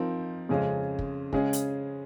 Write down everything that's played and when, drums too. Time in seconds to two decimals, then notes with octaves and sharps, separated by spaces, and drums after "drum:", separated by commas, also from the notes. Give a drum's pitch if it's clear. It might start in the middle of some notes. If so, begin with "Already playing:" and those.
Already playing: F3 C4 D#4 A#4
0.49 F2 C#3 G#3 C#4
0.99 drum: kick
1.33 C#3 G#3 C#4 G#4, drum: kick
1.53 drum: hi-hat